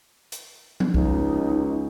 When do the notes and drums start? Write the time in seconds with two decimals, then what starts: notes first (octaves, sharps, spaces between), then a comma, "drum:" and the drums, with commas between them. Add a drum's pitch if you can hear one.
0.32 drum: hi-hat
0.80 drum: tom F3
0.94 C#2 D#4, drum: kick